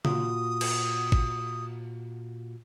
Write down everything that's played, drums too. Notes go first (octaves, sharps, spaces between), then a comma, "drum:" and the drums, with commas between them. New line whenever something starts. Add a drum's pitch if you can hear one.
A#2 F4 F#4 D#6, drum: tom C#3
drum: cymbal
drum: kick G#1